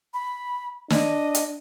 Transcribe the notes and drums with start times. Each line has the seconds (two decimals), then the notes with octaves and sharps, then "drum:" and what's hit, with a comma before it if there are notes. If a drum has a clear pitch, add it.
0.14 B5
0.90 D4 D#5, drum: snare
1.35 drum: hi-hat